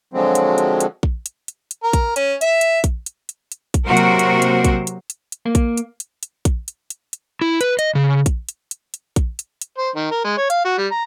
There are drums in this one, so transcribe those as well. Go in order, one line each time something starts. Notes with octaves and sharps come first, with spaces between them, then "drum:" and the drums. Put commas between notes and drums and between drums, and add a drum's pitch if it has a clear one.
D3 F3 F#3 G#3 C4
drum: hi-hat
drum: hi-hat
drum: hi-hat
drum: kick A#1
drum: hi-hat
drum: hi-hat
drum: hi-hat
A#4
drum: kick A#1, hi-hat
C#4, drum: hi-hat
E5, drum: hi-hat
drum: hi-hat
drum: kick A#1, hi-hat
drum: hi-hat
drum: hi-hat
drum: hi-hat
drum: kick A#1, hi-hat
C3 F#3 A#3 F#4 A#4 C5
drum: hi-hat
drum: hi-hat
drum: hi-hat
drum: kick A#1, hi-hat
drum: hi-hat
drum: hi-hat
drum: hi-hat
A#3
drum: kick A#1, hi-hat
drum: hi-hat
drum: hi-hat
drum: hi-hat
drum: kick A#1, hi-hat
drum: hi-hat
drum: hi-hat
drum: hi-hat
E4
B4, drum: hi-hat
D#5, drum: hi-hat
C#3
drum: kick A#1, hi-hat
drum: hi-hat
drum: hi-hat
drum: hi-hat
drum: kick A#1, hi-hat
drum: hi-hat
drum: hi-hat
C5
D#3
A#4
G#3
C#5
F5, drum: hi-hat
F#4
G3
A#5